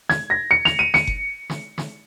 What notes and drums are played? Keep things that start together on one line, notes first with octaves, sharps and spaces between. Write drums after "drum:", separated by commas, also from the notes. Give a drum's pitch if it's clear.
G#6, drum: snare
A#6
C#7
F7, drum: snare
D#7
C#7, drum: snare
drum: kick F#1
drum: snare
drum: snare